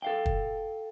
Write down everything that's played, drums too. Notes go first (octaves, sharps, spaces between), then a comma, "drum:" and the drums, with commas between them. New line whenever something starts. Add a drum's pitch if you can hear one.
A4 F5 G5
drum: kick